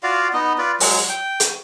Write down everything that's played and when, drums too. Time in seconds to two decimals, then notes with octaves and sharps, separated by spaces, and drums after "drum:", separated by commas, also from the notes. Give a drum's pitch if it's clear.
0.03 F4 F#4 D5 F5
0.33 B3 D#4 D#5
0.58 F4 B4 D5
0.80 F#3 G#3, drum: open hi-hat
1.09 G5
1.40 drum: hi-hat